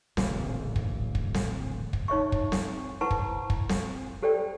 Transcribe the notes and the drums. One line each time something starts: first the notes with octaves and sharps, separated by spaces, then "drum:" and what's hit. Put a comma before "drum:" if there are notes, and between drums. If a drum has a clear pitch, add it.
D1 A#1 C#3 E3, drum: snare C4
drum: kick
drum: kick
drum: snare C4
drum: kick
D#4 C#5 E5 C#6
drum: kick
drum: snare C4
E4 B4 C5 F#5 A5 C#6
drum: kick
drum: kick
drum: snare C4
G4 A4 C5 D5 G5